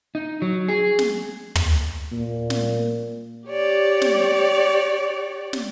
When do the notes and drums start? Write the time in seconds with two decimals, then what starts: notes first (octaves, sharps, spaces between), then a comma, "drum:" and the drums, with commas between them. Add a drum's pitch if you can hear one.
0.15 D#4
0.42 F#3
0.68 G#4
0.99 drum: snare
1.55 drum: tom
2.12 A#2
2.50 drum: snare
3.47 G4 C#5 D5
4.02 drum: snare
5.53 drum: snare